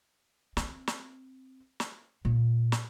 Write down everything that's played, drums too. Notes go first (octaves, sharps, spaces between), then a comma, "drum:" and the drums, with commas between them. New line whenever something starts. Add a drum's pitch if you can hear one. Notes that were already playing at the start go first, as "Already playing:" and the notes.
C4, drum: snare
drum: snare
drum: snare
A#2
drum: snare